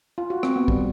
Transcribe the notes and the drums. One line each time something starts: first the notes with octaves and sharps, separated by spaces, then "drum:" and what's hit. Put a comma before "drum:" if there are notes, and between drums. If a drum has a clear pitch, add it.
F4
F#4
C4, drum: rim click
B3
G3, drum: kick